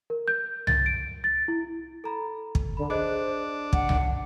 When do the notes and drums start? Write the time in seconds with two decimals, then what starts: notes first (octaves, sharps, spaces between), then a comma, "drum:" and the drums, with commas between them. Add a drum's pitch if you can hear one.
0.10 A#4
0.28 G6
0.67 A6, drum: tom C2
0.86 D7
1.24 A6
1.48 E4
2.04 A4 A#5 B5
2.55 drum: kick
2.77 D3 B5
2.90 D4 G#4 C5 D#5 F#6
3.73 F#5, drum: kick
3.89 drum: tom C2